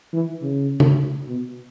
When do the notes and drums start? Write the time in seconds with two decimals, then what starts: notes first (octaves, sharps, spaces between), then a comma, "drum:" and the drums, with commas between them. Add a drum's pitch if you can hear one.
0.13 E3
0.42 C#3
0.80 drum: tom C#3
1.28 B2